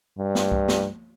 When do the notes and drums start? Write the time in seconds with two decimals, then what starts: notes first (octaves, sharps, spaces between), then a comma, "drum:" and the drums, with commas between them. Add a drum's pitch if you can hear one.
0.18 G2
0.35 drum: snare
0.52 drum: kick C2
0.68 drum: snare